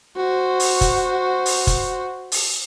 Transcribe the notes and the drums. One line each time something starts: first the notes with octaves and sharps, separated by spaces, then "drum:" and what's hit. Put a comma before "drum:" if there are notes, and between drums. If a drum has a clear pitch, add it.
F#4 C5
drum: open hi-hat
drum: kick, hi-hat
drum: open hi-hat
drum: kick, hi-hat
drum: open hi-hat